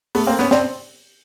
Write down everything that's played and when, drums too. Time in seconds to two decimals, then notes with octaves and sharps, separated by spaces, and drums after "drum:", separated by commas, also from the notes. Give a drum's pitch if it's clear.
0.15 A3 B3, drum: open hi-hat
0.26 A#3 C4
0.39 B3 C#4, drum: snare
0.51 C4 D4, drum: snare